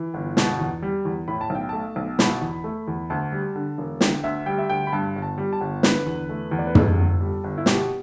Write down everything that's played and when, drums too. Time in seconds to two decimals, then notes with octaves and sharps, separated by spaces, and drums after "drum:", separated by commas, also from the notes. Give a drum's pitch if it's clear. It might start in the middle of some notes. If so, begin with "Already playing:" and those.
Already playing: E3
0.14 G1
0.37 B2, drum: snare
0.59 E2
0.82 G3
1.05 E2
1.28 A2 B5
1.41 A5
1.50 B1 G5
1.69 A3 A5
1.96 B1
2.19 B2 B5, drum: snare
2.41 E2
2.64 A3
2.87 E2
3.10 D2 A5
3.32 G3
3.56 D3
3.78 E1
4.01 D3 G5, drum: snare
4.24 D2 E5
4.46 G3 G5
4.58 E5
4.69 D2 G5
4.87 B5
4.92 G2 A5
5.16 G1
5.22 A5
5.38 G3
5.53 A5
5.61 G1
5.83 D3 B4, drum: snare
6.06 E2
6.29 A3
6.51 E2
6.59 D5
6.67 B4
6.75 G2 A4, drum: tom
6.97 G1
7.20 G3
7.44 G1
7.58 E4
7.66 B2 G4, drum: snare